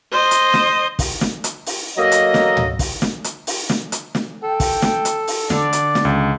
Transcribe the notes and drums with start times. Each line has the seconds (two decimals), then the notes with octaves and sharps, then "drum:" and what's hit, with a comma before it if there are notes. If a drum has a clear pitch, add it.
0.12 C5 D#5
0.31 drum: hi-hat
0.54 drum: snare
0.99 drum: kick, open hi-hat
1.21 drum: snare
1.44 drum: hi-hat
1.66 drum: open hi-hat
1.97 F#3 A#3 A4 D#5
2.12 drum: hi-hat
2.34 drum: snare
2.57 drum: tom
2.79 drum: kick, open hi-hat
3.02 drum: snare
3.24 drum: hi-hat
3.47 drum: open hi-hat
3.70 drum: snare
3.92 drum: hi-hat
4.15 drum: snare
4.43 A4 G5
4.60 drum: kick, open hi-hat
4.82 drum: snare
5.05 drum: hi-hat
5.27 drum: open hi-hat
5.50 D3 D5, drum: snare
5.73 drum: hi-hat
5.95 drum: snare
6.05 C#2